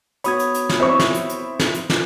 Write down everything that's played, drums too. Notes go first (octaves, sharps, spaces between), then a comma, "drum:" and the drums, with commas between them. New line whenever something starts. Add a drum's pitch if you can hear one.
B3 F#4 C#5 B5 D#6 G#6, drum: hi-hat
drum: hi-hat
drum: hi-hat
drum: snare
C4 E4 C5 E5 C#6
drum: snare
drum: hi-hat
drum: hi-hat
drum: snare
drum: hi-hat
drum: snare